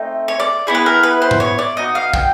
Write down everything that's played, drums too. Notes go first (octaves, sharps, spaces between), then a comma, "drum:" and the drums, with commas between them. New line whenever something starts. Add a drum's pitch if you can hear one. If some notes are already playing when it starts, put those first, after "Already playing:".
Already playing: A3 C4 D#4
C#5
D5
B3 E4 G#4
B4
A#4
B4
C5
drum: tom G#2
C#5
D5
B3 D#4 F#4 D#5
F5
G5, drum: kick